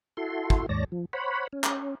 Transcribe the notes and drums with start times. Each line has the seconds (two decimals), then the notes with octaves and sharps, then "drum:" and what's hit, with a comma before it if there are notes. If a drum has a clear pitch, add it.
0.17 E4 F#4 A4 C6
0.50 drum: kick
0.69 D#2 G#2 C#5 D5 A5 A#6
0.92 F3
1.13 C5 C#5 F#5 B5
1.53 C#4
1.64 drum: clap